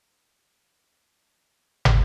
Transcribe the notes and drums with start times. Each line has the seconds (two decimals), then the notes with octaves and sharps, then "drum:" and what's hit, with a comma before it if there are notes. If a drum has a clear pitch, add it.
0.11 A#3 A#4 B4 A5 C6
0.62 G3 D#5 D6
0.98 A2 D4
1.47 F#3
1.85 drum: tom